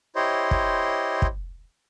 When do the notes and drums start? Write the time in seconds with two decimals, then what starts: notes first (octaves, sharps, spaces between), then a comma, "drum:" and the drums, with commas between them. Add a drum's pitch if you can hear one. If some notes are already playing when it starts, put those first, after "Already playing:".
0.16 E4 G4 C5 C#5 D#5 C6
0.51 drum: kick
1.22 drum: kick